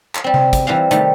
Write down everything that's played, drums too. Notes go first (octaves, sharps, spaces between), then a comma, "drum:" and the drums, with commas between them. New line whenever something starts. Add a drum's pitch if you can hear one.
drum: clap
G3 C4
drum: tom C3
drum: kick, hi-hat
E3 G3 C4 F5
C3 D#3 G3 A3, drum: hi-hat